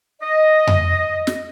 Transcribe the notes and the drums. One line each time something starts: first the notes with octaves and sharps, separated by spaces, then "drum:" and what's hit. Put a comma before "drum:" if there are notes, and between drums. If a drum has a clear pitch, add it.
D#5
drum: tom F2
drum: snare